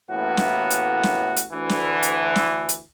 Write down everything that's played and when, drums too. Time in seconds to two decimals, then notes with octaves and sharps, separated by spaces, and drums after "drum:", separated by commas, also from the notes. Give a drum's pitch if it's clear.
0.11 A1 A2 E3 A#3 B3 F#4
0.37 drum: snare
0.70 drum: hi-hat
1.03 drum: snare
1.36 drum: hi-hat
1.53 D2 E3
1.69 drum: snare
2.03 drum: hi-hat
2.36 drum: snare
2.69 drum: hi-hat